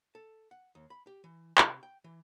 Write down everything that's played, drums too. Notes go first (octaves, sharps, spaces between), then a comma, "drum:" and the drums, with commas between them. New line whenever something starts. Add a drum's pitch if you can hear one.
A4
F#5
D#2
B5
G4
E3
C3, drum: clap
G5
E3